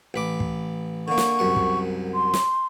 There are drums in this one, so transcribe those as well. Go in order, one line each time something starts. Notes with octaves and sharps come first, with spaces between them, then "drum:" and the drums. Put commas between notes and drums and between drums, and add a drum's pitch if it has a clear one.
A1 B4 D6
drum: kick
D3 A#3 C#6
drum: snare
C2 F#2 F#5
drum: kick
C6
drum: snare